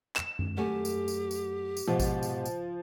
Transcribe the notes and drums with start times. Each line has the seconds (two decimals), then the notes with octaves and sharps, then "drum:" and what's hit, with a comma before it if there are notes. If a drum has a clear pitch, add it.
0.16 E7, drum: clap
0.39 drum: tom F#2
0.57 F#2 A3 G4 G#5
0.85 drum: tambourine
1.08 drum: tambourine
1.31 drum: tambourine
1.77 drum: tambourine
1.87 G#2 B2 F3
2.00 drum: kick A1, tambourine
2.23 drum: tambourine
2.46 drum: tambourine